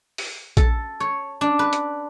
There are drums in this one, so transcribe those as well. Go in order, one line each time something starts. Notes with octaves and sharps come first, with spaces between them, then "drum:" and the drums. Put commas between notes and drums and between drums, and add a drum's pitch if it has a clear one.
drum: open hi-hat
A4, drum: kick A#1, hi-hat
C#5
D4
B4
drum: hi-hat